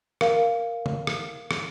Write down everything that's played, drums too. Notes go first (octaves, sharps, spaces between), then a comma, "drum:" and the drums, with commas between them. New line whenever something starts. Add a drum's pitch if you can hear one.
A#4 F5, drum: rim click
drum: tom C#3
drum: rim click
drum: rim click